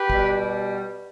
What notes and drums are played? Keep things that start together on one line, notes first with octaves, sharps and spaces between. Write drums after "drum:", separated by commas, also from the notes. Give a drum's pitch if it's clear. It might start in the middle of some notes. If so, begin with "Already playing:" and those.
Already playing: G4 B4
B2 G3, drum: kick